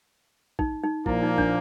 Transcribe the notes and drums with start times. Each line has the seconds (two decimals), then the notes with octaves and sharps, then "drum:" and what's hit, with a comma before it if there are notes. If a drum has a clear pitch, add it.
0.59 D#4, drum: kick
0.83 D#4
1.06 A#2 F3 A#3 E4, drum: kick
1.23 D#4
1.38 D4, drum: kick